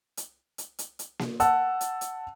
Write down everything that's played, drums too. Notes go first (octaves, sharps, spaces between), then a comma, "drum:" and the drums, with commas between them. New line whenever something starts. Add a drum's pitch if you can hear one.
drum: hi-hat
drum: hi-hat
drum: hi-hat
drum: hi-hat
drum: snare A#3
F#5 A5 E6, drum: hi-hat
drum: hi-hat
drum: hi-hat